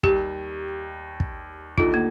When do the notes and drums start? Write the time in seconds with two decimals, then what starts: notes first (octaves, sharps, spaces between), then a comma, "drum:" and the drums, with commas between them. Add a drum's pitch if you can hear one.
0.03 D#2 D#3 G3 G4, drum: kick
1.20 drum: kick
1.78 D#2 D3 A3 D#4 F4, drum: kick
1.94 A#3